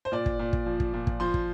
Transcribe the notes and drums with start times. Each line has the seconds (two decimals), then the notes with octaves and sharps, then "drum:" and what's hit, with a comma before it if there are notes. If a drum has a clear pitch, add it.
0.05 C5
0.12 A#2 D5
0.26 drum: kick
0.39 A#2
0.53 drum: kick
0.66 F3
0.80 drum: kick
0.94 A#2
1.07 drum: kick
1.20 F3 C6
1.34 drum: kick